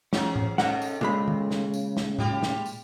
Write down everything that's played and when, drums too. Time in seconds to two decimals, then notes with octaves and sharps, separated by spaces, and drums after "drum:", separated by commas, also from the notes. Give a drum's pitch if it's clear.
0.13 E3 F#3 C#4 G#4, drum: snare
0.36 drum: tom A2
0.58 C3 A3 C#4 D#4 F#5, drum: snare
0.82 drum: tambourine
1.01 A#2 C#3 G#3 B5
1.28 drum: tom D#3
1.51 drum: snare
1.74 drum: tambourine
1.97 drum: snare
2.19 G3 F4 G4, drum: tom A2
2.43 drum: snare
2.66 drum: tambourine